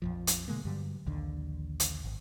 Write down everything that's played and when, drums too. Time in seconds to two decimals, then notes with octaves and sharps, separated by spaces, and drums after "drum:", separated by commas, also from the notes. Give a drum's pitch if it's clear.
0.02 A#1 F2 F3
0.27 drum: hi-hat
0.48 B2 D3 G#3 A#3
0.65 G2 D3 F#3 G3
1.06 A#1 D#2 D3
1.80 drum: hi-hat
2.04 G#1